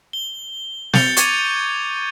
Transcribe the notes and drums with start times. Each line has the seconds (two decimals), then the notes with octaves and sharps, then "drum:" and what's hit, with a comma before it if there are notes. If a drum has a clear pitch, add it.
0.13 G7
0.93 G6 A6 C#7 F7 G7, drum: snare
1.17 C#6 D6 G#6 A6 C#7 D#7, drum: hi-hat